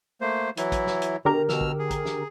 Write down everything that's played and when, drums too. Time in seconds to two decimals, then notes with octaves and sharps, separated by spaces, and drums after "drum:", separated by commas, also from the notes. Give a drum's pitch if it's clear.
0.21 A3 A#3 C5
0.57 E3 F#3 E4, drum: hi-hat
0.72 drum: kick, hi-hat
0.87 drum: snare
1.02 drum: hi-hat
1.25 B2 D3 G4 A#4 A#5
1.49 B2 E6 F6, drum: snare
1.61 drum: kick
1.79 G#4
1.91 drum: kick, hi-hat
2.05 drum: snare